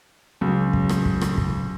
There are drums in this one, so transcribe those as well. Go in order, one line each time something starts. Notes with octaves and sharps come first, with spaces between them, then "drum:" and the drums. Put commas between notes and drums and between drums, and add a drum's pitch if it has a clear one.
C#2 F#3
drum: kick
drum: rim click
drum: kick
drum: rim click
drum: kick